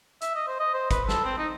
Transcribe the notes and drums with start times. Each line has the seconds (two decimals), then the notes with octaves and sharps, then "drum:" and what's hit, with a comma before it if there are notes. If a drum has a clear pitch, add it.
0.22 E5, drum: hi-hat
0.35 D#5
0.47 C5
0.60 D#5
0.74 C5
0.91 B4, drum: kick, hi-hat
1.09 A4, drum: snare
1.25 C4
1.38 D#4